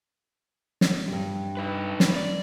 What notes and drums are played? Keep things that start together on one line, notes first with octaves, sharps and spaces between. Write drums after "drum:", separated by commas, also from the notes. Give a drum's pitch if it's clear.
drum: snare
G2 G3
D#4 B4
drum: snare
D5